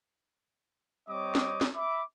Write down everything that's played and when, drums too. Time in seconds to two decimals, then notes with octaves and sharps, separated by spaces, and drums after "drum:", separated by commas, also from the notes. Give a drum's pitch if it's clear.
1.09 G3 C4 C#5 D#5 D6 D#6
1.35 drum: snare
1.61 drum: snare
1.74 E5 B5 D6